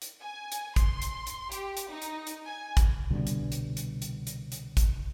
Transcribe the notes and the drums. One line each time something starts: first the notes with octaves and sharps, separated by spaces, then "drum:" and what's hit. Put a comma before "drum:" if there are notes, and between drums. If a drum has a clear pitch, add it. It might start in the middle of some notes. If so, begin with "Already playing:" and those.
drum: hi-hat
G#5
drum: hi-hat
C6, drum: kick, hi-hat
drum: hi-hat
drum: hi-hat
G4, drum: hi-hat
drum: hi-hat
D#4
drum: hi-hat
drum: hi-hat
G#5
drum: kick, hi-hat
C2 B2 D3 G3
drum: hi-hat
drum: hi-hat
drum: hi-hat
drum: hi-hat
drum: hi-hat
drum: hi-hat
drum: kick, hi-hat